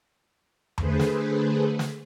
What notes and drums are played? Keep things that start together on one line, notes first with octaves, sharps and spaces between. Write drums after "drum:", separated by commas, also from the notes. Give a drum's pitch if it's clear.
D3 A3 G#4 B4 C5, drum: tom E2
drum: snare
drum: snare